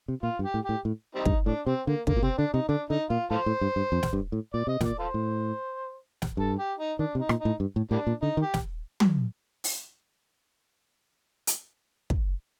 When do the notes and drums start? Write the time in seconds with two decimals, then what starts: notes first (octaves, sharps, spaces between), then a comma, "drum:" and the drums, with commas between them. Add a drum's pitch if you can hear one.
0.08 C3
0.23 A#2 F4
0.39 G2
0.43 G4
0.54 A2
0.64 A2 G4
0.85 A2
1.15 G3 C4 D#4
1.25 G2, drum: kick
1.46 A2 D4
1.67 C3 C4
1.87 D3 A#3
2.07 D3 A#3, drum: kick
2.17 A#2
2.23 C3 C4
2.38 D3 D4
2.53 C3 D#4
2.68 D3 D4
2.89 D3 D#4
3.10 A#2 F4
3.31 A2 F4 A4 C5
3.46 A2
3.61 G2
3.76 G2
3.92 F2
4.03 drum: snare
4.13 G2
4.32 A2
4.54 A#2 D5
4.67 C3 D#5
4.81 A#2 D5, drum: snare
4.99 F4 A4 C5
5.14 A2
6.22 drum: snare
6.37 G2 A4
6.58 G4
6.78 D#4
6.99 D#3 D4
7.15 C3
7.19 D#4
7.29 A#2, drum: rim click
7.40 D#4
7.45 A2
7.60 G2
7.76 A2
7.91 A2 G3 A#3 D4
8.07 A#2
8.22 D3 D#4
8.37 D#3
8.42 G4
8.54 drum: snare
9.00 drum: tom
9.64 drum: open hi-hat
11.47 drum: hi-hat
12.10 drum: kick